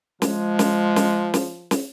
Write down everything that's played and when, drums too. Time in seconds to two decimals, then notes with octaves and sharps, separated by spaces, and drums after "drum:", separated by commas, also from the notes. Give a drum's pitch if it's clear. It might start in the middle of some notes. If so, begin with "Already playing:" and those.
0.22 F3 G#3, drum: snare
0.59 drum: snare
0.96 drum: snare
1.34 drum: snare
1.71 drum: snare